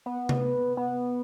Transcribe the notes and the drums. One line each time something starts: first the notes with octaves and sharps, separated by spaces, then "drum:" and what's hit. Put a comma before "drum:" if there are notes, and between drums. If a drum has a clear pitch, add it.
B3
drum: tom C3
B3